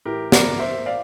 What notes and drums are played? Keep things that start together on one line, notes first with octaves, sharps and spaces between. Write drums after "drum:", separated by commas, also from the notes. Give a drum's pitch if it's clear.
A2 E3 G4 A#4
A#4 D5, drum: snare
C5 E5
D5 F5